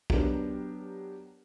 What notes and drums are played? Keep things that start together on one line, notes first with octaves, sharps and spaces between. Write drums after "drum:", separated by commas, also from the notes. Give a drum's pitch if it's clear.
F#3 B3 D4 G4 A#4, drum: kick B1